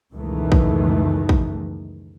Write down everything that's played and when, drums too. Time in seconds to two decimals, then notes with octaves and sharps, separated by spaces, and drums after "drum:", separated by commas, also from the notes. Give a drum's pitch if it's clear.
0.13 C#2 F#2 B2 D#3 E3 A3
0.52 drum: kick
1.29 drum: kick